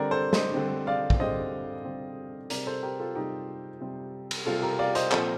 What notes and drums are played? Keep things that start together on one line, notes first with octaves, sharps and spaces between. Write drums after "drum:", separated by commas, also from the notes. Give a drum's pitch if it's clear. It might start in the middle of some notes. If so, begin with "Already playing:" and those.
Already playing: D3 G3 C4 A#4 D5
A4 C5
C5 D#5, drum: snare
D3 G3 C4
D5 F5
drum: kick
D3 G3 C4 C5 D#5
D3 G3 C4
C3 G3 C4 A#4 D5, drum: hi-hat
A4 C5
G4 A#4
F4 A4
C3 G3 C4 D#4 G4
C3 G3 C4
drum: cymbal
C3 G3 C4 F4 A4
G4 A#4
D5 F5
C5 D#5, drum: hi-hat
A#2 F3 C4 A4 C5, drum: clap